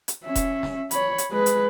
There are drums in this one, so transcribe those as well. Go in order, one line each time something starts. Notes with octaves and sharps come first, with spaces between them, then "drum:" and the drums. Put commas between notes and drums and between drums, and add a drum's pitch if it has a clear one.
drum: hi-hat
C#4 E5
drum: kick E1, hi-hat
drum: snare
C#5 B5, drum: hi-hat
drum: hi-hat
G#3 B4
drum: hi-hat